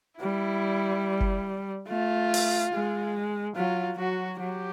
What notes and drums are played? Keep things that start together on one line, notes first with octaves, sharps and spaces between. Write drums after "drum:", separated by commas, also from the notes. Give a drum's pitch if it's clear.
G3 E4
drum: kick F#1
A3 F4
drum: open hi-hat
G#3
F#3 F4
F#3 F#4
F#3 G4